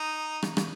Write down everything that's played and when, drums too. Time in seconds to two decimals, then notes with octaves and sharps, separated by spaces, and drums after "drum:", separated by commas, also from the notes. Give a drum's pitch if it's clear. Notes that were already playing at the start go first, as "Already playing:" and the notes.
Already playing: D#4
0.42 drum: rim click
0.57 drum: rim click